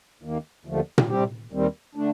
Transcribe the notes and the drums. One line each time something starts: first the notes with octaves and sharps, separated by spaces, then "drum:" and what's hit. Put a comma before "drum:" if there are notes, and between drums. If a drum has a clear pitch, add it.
D#2 D#3 A#3
D#2 D3 F3 A3
drum: tom A#2
C3 G3 C4 G4
D#2 D#3 G3 C4
D3 A3 D4